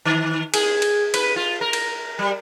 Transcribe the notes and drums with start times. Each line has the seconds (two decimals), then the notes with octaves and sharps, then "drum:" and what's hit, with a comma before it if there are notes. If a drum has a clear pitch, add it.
0.05 D#3
0.54 G#4, drum: cymbal
0.82 drum: cymbal
1.14 B4, drum: cymbal
1.36 F4
1.61 A#4
1.73 drum: cymbal
2.19 G3